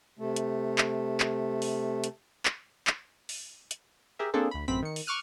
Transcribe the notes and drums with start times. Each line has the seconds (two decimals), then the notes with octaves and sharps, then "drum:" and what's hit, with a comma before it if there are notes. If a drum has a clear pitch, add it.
0.19 C3 A3
0.36 drum: hi-hat
0.78 drum: clap
1.20 drum: clap
1.62 drum: open hi-hat
2.04 drum: hi-hat
2.45 drum: clap
2.87 drum: clap
3.29 drum: open hi-hat
3.71 drum: hi-hat
4.19 G4 G#4 A#4 E5
4.34 A#3 C4 D4 G#4 A4 C5
4.51 D2 B5
4.68 A1 F#2 C4 B5 B6
4.82 D#3 C#7
4.96 drum: open hi-hat
5.07 C#6 D6 F6 F#6 D#7